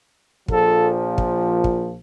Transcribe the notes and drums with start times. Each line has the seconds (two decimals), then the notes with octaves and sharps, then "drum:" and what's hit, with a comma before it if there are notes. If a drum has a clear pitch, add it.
0.48 A#1 A#2 F3 A4, drum: kick
1.18 drum: kick
1.64 drum: kick